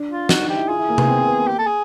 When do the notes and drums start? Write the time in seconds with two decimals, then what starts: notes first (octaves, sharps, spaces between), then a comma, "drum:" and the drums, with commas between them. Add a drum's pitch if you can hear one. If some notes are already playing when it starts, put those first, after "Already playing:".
Already playing: D4
0.10 F4
0.29 D#4 F#4, drum: snare
0.43 D#4
0.49 G4
0.56 E4
0.68 F4 G#4
0.79 E4
0.89 A#3
0.98 B3, drum: tom C3
1.08 C4
1.18 C4
1.28 B3
1.37 A#3
1.48 G4
1.59 A4
1.66 G#4